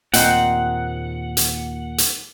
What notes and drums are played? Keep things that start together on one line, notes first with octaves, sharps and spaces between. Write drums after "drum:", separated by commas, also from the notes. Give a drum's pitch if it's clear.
D#2 A#2 C4 D#4 F#5, drum: hi-hat
drum: hi-hat
drum: hi-hat